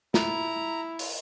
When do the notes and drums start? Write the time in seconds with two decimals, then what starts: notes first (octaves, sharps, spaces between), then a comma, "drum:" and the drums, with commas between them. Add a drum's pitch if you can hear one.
0.14 E4 A#5, drum: snare
0.99 drum: open hi-hat